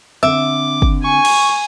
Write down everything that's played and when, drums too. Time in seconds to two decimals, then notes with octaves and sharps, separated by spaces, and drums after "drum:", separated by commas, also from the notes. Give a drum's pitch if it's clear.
0.23 D3 C4 E5 D6
0.82 drum: kick
1.04 G#5 C#6
1.25 drum: cymbal